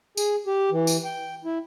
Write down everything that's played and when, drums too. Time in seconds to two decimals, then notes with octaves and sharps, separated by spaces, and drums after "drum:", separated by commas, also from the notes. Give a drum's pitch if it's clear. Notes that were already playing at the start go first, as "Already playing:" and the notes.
0.17 G#4, drum: tambourine
0.47 G4
0.71 E3
0.87 drum: tambourine
1.05 G5
1.45 E4